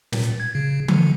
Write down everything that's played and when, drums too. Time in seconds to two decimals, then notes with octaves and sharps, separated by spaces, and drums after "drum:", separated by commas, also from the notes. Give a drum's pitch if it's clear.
0.12 A#2, drum: snare
0.40 G#6
0.55 C#3
0.88 D3, drum: tom E3